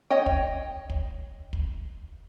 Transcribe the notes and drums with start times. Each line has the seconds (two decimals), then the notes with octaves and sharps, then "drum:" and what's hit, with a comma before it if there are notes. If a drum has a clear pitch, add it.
0.10 C#5 D#5 G5
0.26 drum: kick
0.90 drum: kick
1.53 drum: kick